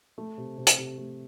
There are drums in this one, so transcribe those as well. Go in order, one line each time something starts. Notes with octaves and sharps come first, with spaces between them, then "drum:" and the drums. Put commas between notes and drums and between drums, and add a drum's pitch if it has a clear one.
A3
C3
C3
drum: hi-hat
C3
A3